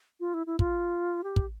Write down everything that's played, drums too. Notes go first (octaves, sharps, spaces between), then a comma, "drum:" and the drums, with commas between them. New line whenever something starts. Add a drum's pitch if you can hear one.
F4
E4
E4
F4, drum: kick
G4
drum: kick